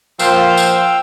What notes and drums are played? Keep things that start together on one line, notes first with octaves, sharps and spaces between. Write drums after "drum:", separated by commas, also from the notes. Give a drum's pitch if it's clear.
A#2 F3 C5 F5 G5 E6, drum: tambourine
drum: tambourine